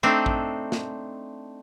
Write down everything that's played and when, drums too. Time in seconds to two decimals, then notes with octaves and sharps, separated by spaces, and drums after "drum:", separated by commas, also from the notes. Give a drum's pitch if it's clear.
0.03 A3 C4 D4 D#4
0.26 drum: kick A1
0.72 drum: snare